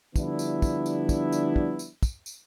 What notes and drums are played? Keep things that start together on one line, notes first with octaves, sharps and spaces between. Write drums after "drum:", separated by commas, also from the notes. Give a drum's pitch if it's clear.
D3 F3 G3 B3 D4 E4, drum: kick, tambourine
drum: tambourine
drum: kick, tambourine
drum: tambourine
drum: kick, tambourine
drum: tambourine
drum: kick
drum: tambourine
drum: kick, tambourine
drum: tambourine